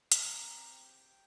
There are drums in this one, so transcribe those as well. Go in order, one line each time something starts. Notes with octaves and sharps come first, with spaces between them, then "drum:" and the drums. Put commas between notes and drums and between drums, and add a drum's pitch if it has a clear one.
C4 G4 A#5, drum: hi-hat
G5